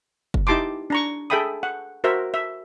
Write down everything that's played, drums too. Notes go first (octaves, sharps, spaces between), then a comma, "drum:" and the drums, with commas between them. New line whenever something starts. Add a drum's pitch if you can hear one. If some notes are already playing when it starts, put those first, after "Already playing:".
drum: kick
D#4 E4 G4 A5 C6 D6
D4 A#5 C#6
G#4 A4 E5 G5 B5 D#6
F#5
F#4 A#4 C5 E5
E5